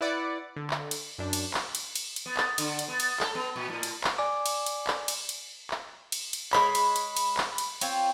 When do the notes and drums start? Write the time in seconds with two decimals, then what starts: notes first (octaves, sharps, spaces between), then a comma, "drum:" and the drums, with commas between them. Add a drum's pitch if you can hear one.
0.01 E4 B4 D5 F#5 D6
0.56 D3
0.70 drum: clap
0.91 drum: cymbal
1.18 F#2 D4
1.33 drum: cymbal
1.54 drum: clap
1.75 drum: cymbal
1.96 drum: cymbal
2.16 drum: cymbal
2.26 B3
2.37 drum: clap
2.58 D3, drum: cymbal
2.79 drum: cymbal
2.88 B3
3.00 drum: cymbal
3.20 A4, drum: clap
3.35 B3
3.56 A#2
3.70 A2
3.83 drum: cymbal
4.04 drum: clap
4.18 D5 G#5 D6
4.46 drum: cymbal
4.66 drum: cymbal
4.87 drum: clap
5.08 drum: cymbal
5.29 drum: cymbal
5.71 drum: clap
6.12 drum: cymbal
6.33 drum: cymbal
6.53 G#3 C#5 B5, drum: clap
6.75 drum: cymbal
6.96 drum: cymbal
7.17 drum: cymbal
7.37 drum: clap
7.58 drum: cymbal
7.81 C4 F4 C#5, drum: cymbal